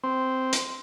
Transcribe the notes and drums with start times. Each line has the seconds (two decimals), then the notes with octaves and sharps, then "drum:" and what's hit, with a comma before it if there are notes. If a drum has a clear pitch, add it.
0.04 C4
0.53 drum: hi-hat